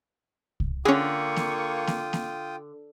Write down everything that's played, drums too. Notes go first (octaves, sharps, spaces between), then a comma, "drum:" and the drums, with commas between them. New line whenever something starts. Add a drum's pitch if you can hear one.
drum: kick C2
D3 A#3 C#4 F4 G#4 G5 C#6 D#6
drum: snare A#3
drum: snare A#3
drum: snare A#3